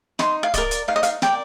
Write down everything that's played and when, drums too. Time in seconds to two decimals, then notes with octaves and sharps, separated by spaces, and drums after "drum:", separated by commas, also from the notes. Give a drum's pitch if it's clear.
0.19 D#4 C6, drum: snare
0.43 F5
0.54 A#4 D5 D#5, drum: kick D1, hi-hat
0.71 drum: hi-hat
0.88 D#4 F5
0.96 D#5
1.03 F5, drum: hi-hat
1.22 A#4 D5 G5, drum: snare